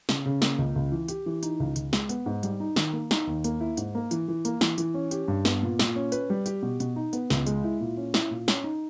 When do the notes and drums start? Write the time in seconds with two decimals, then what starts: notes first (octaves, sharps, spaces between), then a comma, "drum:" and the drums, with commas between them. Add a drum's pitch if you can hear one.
0.09 C#3, drum: snare
0.26 C#3
0.42 A#3, drum: snare
0.58 C#2
0.76 C#2
0.92 E3
1.08 G4, drum: hi-hat
1.26 E3
1.43 D#4, drum: hi-hat
1.60 C#2
1.76 C#2, drum: hi-hat
1.93 G#3, drum: snare
2.09 B3, drum: hi-hat
2.26 G#2
2.43 G3, drum: hi-hat
2.60 D#4
2.76 D#3, drum: snare
2.93 A#3
3.11 D#4, drum: snare
3.27 D#2
3.44 A#3, drum: hi-hat
3.61 E4
3.77 G#2, drum: hi-hat
3.95 A#3
4.11 E3, drum: hi-hat
4.28 E3
4.45 A#3, drum: hi-hat
4.61 E3, drum: snare
4.78 E3, drum: hi-hat
4.94 C#4
5.11 G4, drum: hi-hat
5.28 G2
5.45 B3, drum: snare
5.63 A#2
5.79 A#2, drum: snare
5.96 C#4
6.12 B4, drum: hi-hat
6.30 G3
6.46 G4, drum: hi-hat
6.62 B2
6.80 B2, drum: hi-hat
6.96 D#4
7.13 B3, drum: hi-hat
7.30 C#2, drum: snare
7.46 G#3, drum: hi-hat
7.64 E4
7.81 A#2
7.97 C#4
8.14 E4, drum: snare
8.31 A#2
8.48 C#4, drum: snare
8.64 D#4